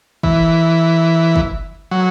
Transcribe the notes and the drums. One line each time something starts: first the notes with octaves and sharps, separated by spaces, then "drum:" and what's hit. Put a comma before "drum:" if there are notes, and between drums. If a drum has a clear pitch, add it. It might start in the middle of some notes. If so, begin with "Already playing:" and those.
E3, drum: kick
drum: kick
F#3